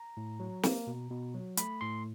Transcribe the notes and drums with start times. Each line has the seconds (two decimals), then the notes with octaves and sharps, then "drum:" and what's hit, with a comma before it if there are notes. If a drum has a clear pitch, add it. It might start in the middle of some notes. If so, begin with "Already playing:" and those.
Already playing: A#5
0.17 A2
0.40 F#3
0.63 A#3, drum: snare
0.87 B2
1.10 B2
1.34 F#3
1.57 A3 B5, drum: hi-hat
1.81 A2 C6